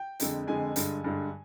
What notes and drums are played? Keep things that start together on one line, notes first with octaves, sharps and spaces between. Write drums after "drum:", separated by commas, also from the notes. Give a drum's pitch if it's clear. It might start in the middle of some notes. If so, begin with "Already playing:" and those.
Already playing: G5
F2 D3 G#3, drum: hi-hat
F2 D3 G#3 G#5
G2 D3 G#3, drum: hi-hat
G2 D3 G#3